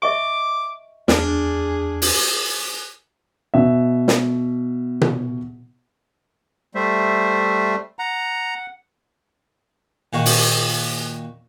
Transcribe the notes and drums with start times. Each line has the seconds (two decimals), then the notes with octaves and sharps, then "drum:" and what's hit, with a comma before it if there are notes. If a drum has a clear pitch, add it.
0.02 D#5 E5 C#6 D6
1.08 E2 D4 G#4 F6, drum: snare
2.02 drum: open hi-hat
3.54 B2 E5
4.08 drum: snare
5.01 drum: tom B2
6.75 G3 A3 C5 E5
7.99 F#5 A#5
10.13 A#2 D#3 F#4
10.26 drum: open hi-hat